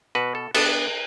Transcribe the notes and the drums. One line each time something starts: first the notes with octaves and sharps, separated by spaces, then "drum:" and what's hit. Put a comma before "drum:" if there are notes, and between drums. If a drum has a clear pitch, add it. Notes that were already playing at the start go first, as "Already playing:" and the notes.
B2 F#4 B4
A4
B3 D4 A4, drum: cymbal